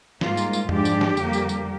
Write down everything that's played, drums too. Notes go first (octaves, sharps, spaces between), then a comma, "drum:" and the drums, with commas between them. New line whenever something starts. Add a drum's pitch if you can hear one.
G#2 G3 A#3 F4, drum: snare
drum: tambourine
drum: tambourine
G#2 F3 G#3 D4 G4, drum: tom F2
drum: tambourine
drum: snare
F2 D3 G3 A#3, drum: tambourine
drum: tambourine
drum: tambourine